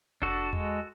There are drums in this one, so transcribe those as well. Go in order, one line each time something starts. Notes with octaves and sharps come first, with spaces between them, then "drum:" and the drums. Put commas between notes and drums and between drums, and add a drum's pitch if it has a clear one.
D4 F#4 A4, drum: kick F1
G#3, drum: tom E2